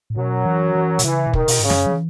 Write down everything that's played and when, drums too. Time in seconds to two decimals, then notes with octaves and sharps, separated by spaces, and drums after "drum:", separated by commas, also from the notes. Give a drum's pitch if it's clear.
0.10 A2
0.16 F#2 B2 F#3
0.46 E3
0.75 E3
0.99 B2, drum: hi-hat
1.04 C#3 E3
1.26 B2
1.34 D#3, drum: kick
1.48 B2, drum: open hi-hat
1.59 G#2 C#3
1.70 F#2, drum: snare
1.86 F#3
1.92 E3